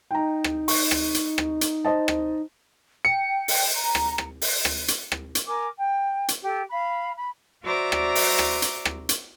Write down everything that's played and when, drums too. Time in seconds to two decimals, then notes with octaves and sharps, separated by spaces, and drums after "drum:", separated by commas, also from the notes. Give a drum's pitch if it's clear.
0.11 D#4 G5 A#5
0.44 drum: rim click
0.68 C#6, drum: open hi-hat
0.91 drum: rim click
1.14 drum: hi-hat
1.38 drum: rim click
1.61 drum: hi-hat
1.85 C5 D#5 A5
2.08 drum: rim click
3.05 G5 C#7
3.48 drum: open hi-hat
3.75 A#5
3.95 drum: rim click
4.18 drum: rim click
4.42 drum: open hi-hat
4.65 drum: rim click
4.88 drum: hi-hat
5.12 drum: rim click
5.35 drum: hi-hat
5.46 A#4 G#5 D6
5.76 G5
6.28 drum: hi-hat
6.43 G4 A4
6.69 F5 B5
7.16 B5
7.64 F#4 C5 D5 E5 A#5 D6
7.92 drum: rim click
8.15 drum: open hi-hat
8.39 drum: rim click
8.62 drum: hi-hat
8.85 drum: rim click
9.09 drum: hi-hat